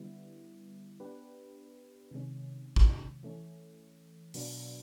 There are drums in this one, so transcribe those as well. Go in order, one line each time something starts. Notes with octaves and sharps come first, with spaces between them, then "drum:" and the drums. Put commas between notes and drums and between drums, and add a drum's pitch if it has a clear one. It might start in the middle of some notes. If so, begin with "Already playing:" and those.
Already playing: D3 G3 B3 E4
B3 D4 G4 B4
C3 D#3 G#3 C#4
drum: kick
E3 A3 C#4
B2 F#3 B3 D4, drum: open hi-hat